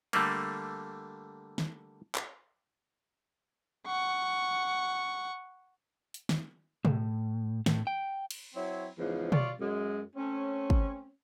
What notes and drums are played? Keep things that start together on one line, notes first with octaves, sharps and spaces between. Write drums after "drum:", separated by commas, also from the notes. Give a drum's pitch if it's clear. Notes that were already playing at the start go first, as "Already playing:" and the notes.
D3 G3 A3 A#3, drum: cymbal
drum: snare
drum: clap
F#5 C#6
drum: hi-hat
drum: snare
A2, drum: tom B2
A2, drum: snare
G5
drum: cymbal
F#3 C4 E4 C#5
E2 G#2 C#3 E3 F3
F4 C#5 D5, drum: tom B2
F#2 G#3
A3 C4 C#4
drum: kick